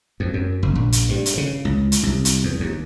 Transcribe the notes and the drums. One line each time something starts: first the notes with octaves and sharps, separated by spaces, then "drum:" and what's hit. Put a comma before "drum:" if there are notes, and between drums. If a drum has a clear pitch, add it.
F2
F#2
F#1
A#1
drum: hi-hat
G2
drum: hi-hat
C#3
C#2
drum: hi-hat
C2
drum: hi-hat
E2
D#2